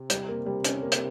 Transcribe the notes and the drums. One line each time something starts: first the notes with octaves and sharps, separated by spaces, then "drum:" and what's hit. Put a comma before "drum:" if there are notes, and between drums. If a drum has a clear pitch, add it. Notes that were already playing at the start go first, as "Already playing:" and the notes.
Already playing: C3
G3, drum: hi-hat
A#3
G3
C#4, drum: hi-hat
A#3
drum: hi-hat